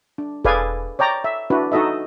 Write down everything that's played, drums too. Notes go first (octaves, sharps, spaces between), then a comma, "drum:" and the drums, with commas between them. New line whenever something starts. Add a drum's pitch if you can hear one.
D4
G#4 A4 B4 D5 F5 G#5, drum: kick E1
C#5 D5 G5 A#5
E5
D4 E4 F#4 B4
D#4 F#4 A4 D#5 E5